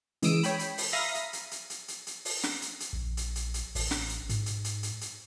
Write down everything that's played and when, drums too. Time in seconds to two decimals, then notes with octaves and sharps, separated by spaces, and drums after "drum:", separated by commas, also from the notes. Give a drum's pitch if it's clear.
0.22 C#3 E3 G#3 D#6 E6 D7, drum: hi-hat
0.43 C#5 G5 B5, drum: hi-hat
0.59 drum: hi-hat
0.78 drum: open hi-hat
0.93 E5 F5 A#5 B5 D#6 A#6
1.15 drum: hi-hat
1.33 drum: hi-hat
1.51 drum: hi-hat
1.70 drum: hi-hat
1.88 drum: hi-hat
2.07 drum: hi-hat
2.25 drum: open hi-hat
2.43 drum: snare
2.62 drum: hi-hat
2.80 drum: hi-hat
2.93 A#1
3.17 drum: hi-hat
3.36 drum: hi-hat
3.54 drum: hi-hat
3.75 A1, drum: open hi-hat
3.91 drum: snare
4.09 drum: hi-hat
4.29 G#2, drum: hi-hat
4.46 drum: hi-hat
4.64 drum: hi-hat
4.83 drum: hi-hat
5.01 drum: hi-hat